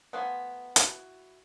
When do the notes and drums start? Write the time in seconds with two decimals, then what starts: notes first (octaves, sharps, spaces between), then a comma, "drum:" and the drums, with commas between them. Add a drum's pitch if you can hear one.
0.13 F3 A3 B3 F5 G#5
0.76 E4 F#4, drum: hi-hat